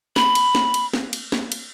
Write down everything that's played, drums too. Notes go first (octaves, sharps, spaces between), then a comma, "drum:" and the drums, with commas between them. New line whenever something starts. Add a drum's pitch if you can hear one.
B5, drum: snare
drum: cymbal
drum: snare
drum: cymbal
drum: snare
drum: cymbal
drum: snare
drum: cymbal